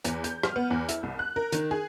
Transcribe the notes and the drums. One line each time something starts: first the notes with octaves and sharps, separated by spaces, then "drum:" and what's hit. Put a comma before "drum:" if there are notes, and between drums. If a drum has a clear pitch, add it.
E2, drum: hi-hat
G6, drum: hi-hat
F6, drum: rim click
B3
E2
E4, drum: hi-hat
C2
F#6
A#4
D#3, drum: hi-hat
G#4